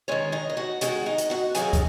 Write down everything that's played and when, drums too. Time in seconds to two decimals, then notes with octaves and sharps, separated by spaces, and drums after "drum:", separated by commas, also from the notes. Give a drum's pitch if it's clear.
0.08 D#3 G#3 C#4 C#5
0.32 D#4 D#5
0.50 D#5
0.57 F#4 F#5
0.81 D#3 G#3 F#4 F#5, drum: hi-hat
1.06 D#4 D#5
1.18 drum: hi-hat
1.30 F#4 F#5
1.55 D#3 F#3 A#3 G#4 G#5, drum: hi-hat
1.73 drum: kick, hi-hat